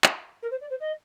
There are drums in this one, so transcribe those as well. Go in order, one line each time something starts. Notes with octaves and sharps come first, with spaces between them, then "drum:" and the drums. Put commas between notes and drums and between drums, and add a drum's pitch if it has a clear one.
drum: clap
A#4
C5
D5
C5
D#5